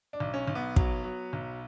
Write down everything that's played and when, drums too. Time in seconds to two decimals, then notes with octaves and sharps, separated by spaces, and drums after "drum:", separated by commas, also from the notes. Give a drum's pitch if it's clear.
0.13 D4
0.20 B1
0.34 C#4
0.48 B1
0.55 B3
0.76 F#3, drum: kick
1.04 F#3
1.33 B1